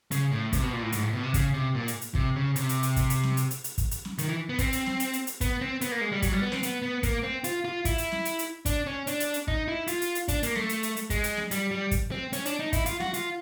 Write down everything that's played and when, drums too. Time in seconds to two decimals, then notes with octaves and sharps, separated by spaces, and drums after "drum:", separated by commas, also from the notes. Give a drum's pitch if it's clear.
0.11 C#3, drum: hi-hat
0.32 A2
0.53 C3, drum: kick, hi-hat
0.63 B2
0.73 A#2
0.83 A2
0.92 G#2, drum: hi-hat
1.03 A2
1.13 B2
1.23 C3
1.34 C#3, drum: kick, hi-hat
1.54 C3
1.75 A#2
1.88 drum: hi-hat
2.01 drum: hi-hat
2.15 C3, drum: kick
2.36 C#3
2.56 C3, drum: hi-hat
2.69 drum: hi-hat
2.83 drum: hi-hat
2.96 drum: kick, hi-hat
3.10 drum: hi-hat
3.23 drum: snare
3.37 drum: hi-hat
3.51 drum: hi-hat
3.64 drum: hi-hat
3.78 drum: kick, hi-hat
3.91 drum: hi-hat
4.05 drum: snare
4.18 D#3, drum: hi-hat
4.28 E3
4.49 B3
4.59 C4, drum: kick, hi-hat
4.73 drum: hi-hat
4.86 drum: snare
5.00 drum: hi-hat
5.13 drum: hi-hat
5.27 drum: hi-hat
5.41 B3, drum: kick, hi-hat
5.61 C4
5.81 B3, drum: hi-hat
5.92 A#3
6.01 G#3
6.12 G3
6.22 F#3, drum: kick, hi-hat
6.32 G3
6.42 B3
6.52 C4, drum: snare
6.63 B3, drum: hi-hat
6.82 B3
7.03 A#3, drum: kick, hi-hat
7.23 C4
7.44 F4, drum: hi-hat
7.65 F4
7.85 E4, drum: kick, hi-hat
7.98 drum: hi-hat
8.12 drum: snare
8.25 drum: hi-hat
8.39 drum: hi-hat
8.66 D4, drum: kick, hi-hat
8.87 C#4
9.07 D4, drum: hi-hat
9.20 drum: hi-hat
9.34 drum: hi-hat
9.48 D#4, drum: kick
9.68 E4
9.87 F4, drum: hi-hat
10.02 drum: hi-hat
10.15 drum: hi-hat
10.28 D4, drum: kick, hi-hat
10.43 A#3, drum: hi-hat
10.55 A3, drum: snare
10.69 drum: hi-hat
10.83 drum: hi-hat
10.96 drum: hi-hat
11.10 G#3, drum: kick, hi-hat
11.24 drum: hi-hat
11.37 drum: snare
11.51 G3, drum: hi-hat
11.71 G3
11.91 drum: kick, hi-hat
12.11 C4
12.33 C#4, drum: hi-hat
12.45 D4, drum: hi-hat
12.59 D#4
12.73 E4, drum: kick, hi-hat
12.86 F4, drum: hi-hat
13.00 F#4, drum: snare
13.14 F4, drum: hi-hat